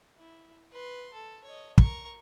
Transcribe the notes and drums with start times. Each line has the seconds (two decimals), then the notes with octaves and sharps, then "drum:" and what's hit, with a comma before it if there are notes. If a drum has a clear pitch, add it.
0.18 E4
0.72 B4 C6
1.13 A4
1.44 C#5 D#5
1.78 A#4 C#6, drum: kick